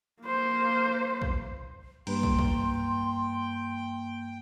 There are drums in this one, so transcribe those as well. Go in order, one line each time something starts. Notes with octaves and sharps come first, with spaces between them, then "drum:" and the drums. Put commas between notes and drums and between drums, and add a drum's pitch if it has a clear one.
A#3 C5
drum: kick
G2 A#3 B4 G5 C6, drum: cymbal
drum: kick
drum: kick